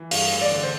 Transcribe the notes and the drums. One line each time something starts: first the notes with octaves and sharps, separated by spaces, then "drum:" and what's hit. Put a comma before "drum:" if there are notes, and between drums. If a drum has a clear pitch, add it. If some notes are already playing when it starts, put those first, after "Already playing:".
Already playing: E3
G2 F5, drum: open hi-hat
A1
D5
D3
C5